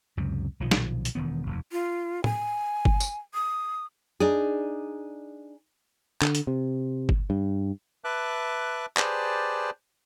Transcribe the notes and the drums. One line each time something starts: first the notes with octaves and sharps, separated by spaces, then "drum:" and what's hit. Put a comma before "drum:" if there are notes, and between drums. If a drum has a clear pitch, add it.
C#2 F#2 C3
B1 A#2 D#3 F3
drum: snare
drum: hi-hat
E1 D#3 B3
F1 D#2
F4
G#5, drum: tom
drum: kick G1
drum: tambourine
D#6
D4 D#4 G#4
D3, drum: clap
drum: hi-hat
C3
drum: kick G1
G2
B4 E5 A5 D6 F#6
G4 G#4 B4 C5 D5 A5, drum: clap